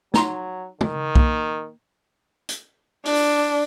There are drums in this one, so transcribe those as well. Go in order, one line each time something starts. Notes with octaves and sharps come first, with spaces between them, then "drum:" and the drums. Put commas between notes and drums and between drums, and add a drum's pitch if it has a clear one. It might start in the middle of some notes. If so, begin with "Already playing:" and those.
F#3 D#4 A#5 C6, drum: snare
D#3, drum: tom
A#3, drum: kick B1
drum: hi-hat
D4, drum: open hi-hat